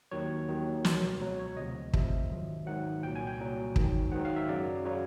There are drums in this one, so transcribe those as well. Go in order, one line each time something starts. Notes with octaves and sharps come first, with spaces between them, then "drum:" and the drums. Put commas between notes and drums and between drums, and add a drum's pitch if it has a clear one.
D#2 D#3 F#3 C#5
D#2 D#3 F#3
C#2 B2 F#3, drum: snare
C#2 B2 F#3 C#5
C#5
D2 C3 F3 D#5
D2 C3 F3 E5, drum: kick
G#2 D#3 F#3
G#2 D#3 F#3 F#5
C2 A#2 F#3 G5
G#5
G5
C2 A#2 F#3
G#2 D#3 F#3, drum: kick
G#2 D#3 F#3 F#5
F5
E5
F#2 C#3 F#3 D5
C#3 F#3 C#5